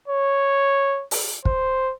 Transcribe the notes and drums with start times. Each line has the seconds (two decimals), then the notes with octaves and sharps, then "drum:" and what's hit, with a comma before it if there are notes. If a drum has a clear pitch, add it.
0.08 C#5
1.11 drum: open hi-hat
1.45 C5, drum: kick